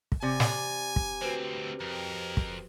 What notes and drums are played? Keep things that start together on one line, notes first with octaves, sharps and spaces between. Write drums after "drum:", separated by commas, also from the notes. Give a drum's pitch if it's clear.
drum: kick
C3 D5 G#5 A6
drum: snare
drum: kick
D2 C4 F#4 B4 C5
F2 A#4
drum: kick